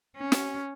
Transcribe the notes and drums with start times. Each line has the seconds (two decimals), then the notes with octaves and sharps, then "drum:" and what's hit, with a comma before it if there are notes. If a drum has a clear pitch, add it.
0.17 C#4
0.32 drum: snare